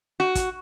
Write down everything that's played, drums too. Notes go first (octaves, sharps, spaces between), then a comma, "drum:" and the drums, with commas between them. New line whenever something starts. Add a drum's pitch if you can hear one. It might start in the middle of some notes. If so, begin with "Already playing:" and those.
F#4
drum: kick, hi-hat